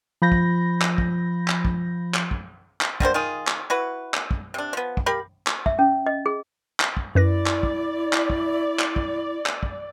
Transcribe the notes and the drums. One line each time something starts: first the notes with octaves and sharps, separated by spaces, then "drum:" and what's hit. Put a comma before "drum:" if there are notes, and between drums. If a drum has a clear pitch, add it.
F3 B5 G6 A#6
drum: kick
drum: clap
drum: kick
drum: clap
drum: kick
drum: clap
drum: kick
drum: clap
D3 G3 A#3 C5, drum: kick
D#3 F4 G#4
drum: clap
E4 F#4 B4
drum: clap
drum: kick
C3 D4
F3 B3
drum: kick
G4 A#4 F5 B5
drum: clap
E5, drum: kick
C#4
D#5
G#4
drum: clap
drum: kick
F#2 E4 B4 D5 A#6
drum: clap
drum: kick
drum: clap
drum: kick
drum: clap
drum: kick
drum: clap
drum: kick